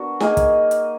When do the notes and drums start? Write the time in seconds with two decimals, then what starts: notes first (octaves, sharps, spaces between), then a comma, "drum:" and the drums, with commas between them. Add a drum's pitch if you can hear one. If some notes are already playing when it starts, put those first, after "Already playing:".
Already playing: B3 D4 F#4 A#4
0.20 A#3 D#4 G#4, drum: snare
0.37 drum: kick, hi-hat
0.71 drum: hi-hat